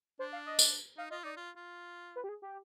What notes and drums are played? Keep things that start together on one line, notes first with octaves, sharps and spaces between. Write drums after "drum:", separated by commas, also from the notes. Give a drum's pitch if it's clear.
D4 C5
F5
D#5
drum: tambourine
D#4 F5
F4 D#5
D#4 D5
F4
F4
B4
G4
G#4
G4